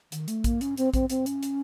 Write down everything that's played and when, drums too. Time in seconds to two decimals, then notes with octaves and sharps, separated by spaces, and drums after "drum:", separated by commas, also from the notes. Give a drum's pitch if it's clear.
0.12 D#3, drum: hi-hat
0.28 A3, drum: hi-hat
0.44 A#3, drum: kick A#1, hi-hat
0.61 C#4, drum: hi-hat
0.77 C4, drum: hi-hat
0.94 C4, drum: kick A#1, hi-hat
1.10 C4, drum: hi-hat
1.26 C#4, drum: hi-hat
1.43 drum: hi-hat